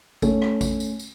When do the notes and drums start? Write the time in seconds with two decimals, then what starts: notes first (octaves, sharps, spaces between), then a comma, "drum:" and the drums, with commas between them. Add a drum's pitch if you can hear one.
0.22 A3 C#4, drum: kick A1, tambourine
0.42 drum: rim click
0.61 drum: kick A1, tambourine
0.80 drum: tambourine
0.99 drum: tambourine